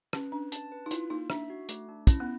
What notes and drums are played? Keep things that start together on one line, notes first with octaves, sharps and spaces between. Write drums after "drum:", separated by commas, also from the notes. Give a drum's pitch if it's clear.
C#4 B4, drum: rim click
D4 B4
A5, drum: hi-hat
B4
D#4
E4 F4, drum: hi-hat
A#3 D#4
D4 E5, drum: rim click
F#4
A3, drum: hi-hat
D4
C#4 E4, drum: kick, hi-hat
B3